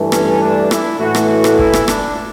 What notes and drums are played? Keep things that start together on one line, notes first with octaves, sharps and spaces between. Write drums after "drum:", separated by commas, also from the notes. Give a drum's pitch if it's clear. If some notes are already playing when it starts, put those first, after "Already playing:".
Already playing: G2 E3 A3
C#4, drum: rim click
D4
E4, drum: rim click
A2 E3 A3 F#4
drum: rim click
F#4
drum: rim click
E4, drum: kick
drum: rim click
D4, drum: rim click